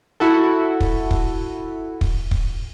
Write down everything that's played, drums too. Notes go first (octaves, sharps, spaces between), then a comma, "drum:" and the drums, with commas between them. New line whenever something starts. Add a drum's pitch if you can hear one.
E4 F#4 A4
drum: kick
drum: kick
drum: kick
drum: kick